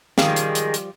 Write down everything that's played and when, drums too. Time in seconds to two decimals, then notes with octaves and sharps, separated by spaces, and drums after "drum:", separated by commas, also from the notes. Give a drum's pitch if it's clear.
0.18 D#3 F3 G3 G#3 F5, drum: snare
0.36 drum: hi-hat
0.55 drum: hi-hat
0.74 drum: hi-hat